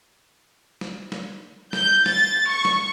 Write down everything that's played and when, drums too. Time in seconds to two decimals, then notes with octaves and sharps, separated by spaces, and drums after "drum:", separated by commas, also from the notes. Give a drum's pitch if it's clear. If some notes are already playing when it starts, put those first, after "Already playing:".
0.81 drum: snare
1.12 drum: snare
1.73 G6, drum: snare
2.06 A6, drum: snare
2.49 C#6
2.65 drum: snare